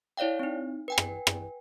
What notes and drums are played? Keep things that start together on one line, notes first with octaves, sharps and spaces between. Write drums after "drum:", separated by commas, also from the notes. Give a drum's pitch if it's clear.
E4 C#5 D5 F5 G5
C4 D#4
B4 G5 G#5
drum: rim click
drum: rim click